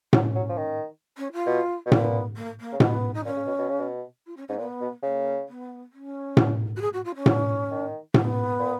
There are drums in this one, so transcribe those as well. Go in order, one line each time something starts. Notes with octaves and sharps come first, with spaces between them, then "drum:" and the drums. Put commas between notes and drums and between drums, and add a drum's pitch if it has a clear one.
F#3 C#4, drum: tom A2
F#3
F3
D#3
C#4
F4
B2
B2
A#2 B3, drum: tom A2
A#3
A#3
C#3
B2 B3, drum: tom A2
D#4
A#2 C#4
C#3
B2
B2
C#3
B2
F4
C#4
G#2 C#4
A#2 B3
B2
C#3 A#3
B3
C#4
drum: tom A2
F#4
G#4
F#4
F4
C#4
drum: tom A2
D#3
B3, drum: tom A2
A#2